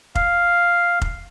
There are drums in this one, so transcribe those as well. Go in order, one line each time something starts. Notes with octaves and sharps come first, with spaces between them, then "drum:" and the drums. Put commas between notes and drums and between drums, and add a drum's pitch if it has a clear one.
F5, drum: kick F1
drum: kick F1